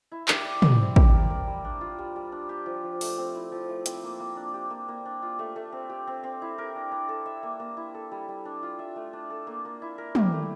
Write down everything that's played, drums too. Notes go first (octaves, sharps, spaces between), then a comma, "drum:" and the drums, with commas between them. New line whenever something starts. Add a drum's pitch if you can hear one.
E4
G4, drum: clap
D5
D5, drum: tom
C4
G4, drum: kick
A#4
A#4
G3
D4
F4
G3
G3
D4
G4
F3
F3
A3, drum: open hi-hat
C4
E4
F3
A3
C4, drum: hi-hat
A#3
A#3
D4
G4
A#3
A#3
D4
F4
A3
A3
C4
G4
C4
C4
E4
A#4
D4
D4
A4
E5
A#3
A#3
E4
A4
G3
G3
D4
F4
E5
A3
D4
A4
A#3
A#3
E4
A#4
G4, drum: tom
A3